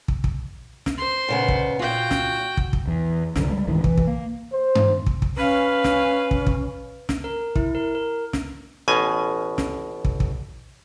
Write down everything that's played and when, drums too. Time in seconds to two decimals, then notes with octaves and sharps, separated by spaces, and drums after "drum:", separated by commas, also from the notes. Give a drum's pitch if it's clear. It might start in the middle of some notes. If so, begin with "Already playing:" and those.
0.08 drum: kick
0.24 drum: kick
0.86 drum: snare
0.98 C5 C6
1.29 A#2 C#3 B3
1.48 drum: kick
1.79 A#2 F4 F#4 G5
2.11 drum: snare
2.57 drum: kick
2.73 drum: kick
2.87 E2
3.36 C2 G2 D3 F#3, drum: snare
3.49 G3 G#3
3.67 C#2 G#2 D#3 E3
3.84 E3, drum: kick
3.98 drum: kick
4.07 A#3
4.52 C5
4.75 drum: tom G2
5.06 drum: kick
5.22 drum: kick
5.37 C#4 B4 F5
5.84 drum: snare
6.31 drum: kick
6.47 drum: kick
7.09 drum: snare
7.24 A#4
7.56 E4, drum: kick
7.75 A#4
7.95 A#4
8.33 drum: snare
8.88 A1 B2 G#5
9.58 drum: snare
10.05 drum: kick
10.20 drum: kick